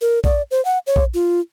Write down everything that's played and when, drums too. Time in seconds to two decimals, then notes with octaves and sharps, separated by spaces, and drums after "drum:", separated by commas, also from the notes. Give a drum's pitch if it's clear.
0.01 A#4
0.24 D5, drum: kick A#1
0.51 C5
0.65 F#5
0.87 C#5
0.96 drum: kick A#1
1.14 F4